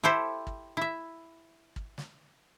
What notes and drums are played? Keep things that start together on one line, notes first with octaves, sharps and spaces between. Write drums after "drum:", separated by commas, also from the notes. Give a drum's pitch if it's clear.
E4 G4 A4 C5
drum: kick
E4 E5
drum: kick
drum: snare